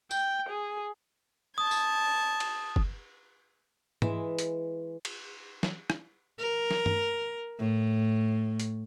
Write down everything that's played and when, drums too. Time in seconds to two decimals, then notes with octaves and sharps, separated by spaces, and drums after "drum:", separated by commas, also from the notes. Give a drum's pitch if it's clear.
0.11 G5, drum: tambourine
0.49 G#4
1.58 A5 D#6 G#6
1.71 drum: tambourine
2.40 drum: cymbal
2.76 drum: kick G1
4.02 E3 G#3 E5, drum: tom G#2
4.39 drum: hi-hat
5.05 drum: cymbal
5.63 drum: snare
5.90 drum: rim click
6.39 A#4
6.71 drum: snare
6.86 drum: tom G2
7.59 A2
8.60 drum: hi-hat